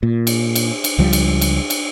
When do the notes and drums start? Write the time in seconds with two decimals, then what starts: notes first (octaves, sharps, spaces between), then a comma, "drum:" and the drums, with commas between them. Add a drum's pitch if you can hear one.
0.03 A#2
0.27 drum: cymbal
0.55 drum: cymbal
0.84 drum: cymbal
0.98 C#2 F3 G3
1.13 drum: cymbal
1.41 drum: cymbal
1.70 drum: cymbal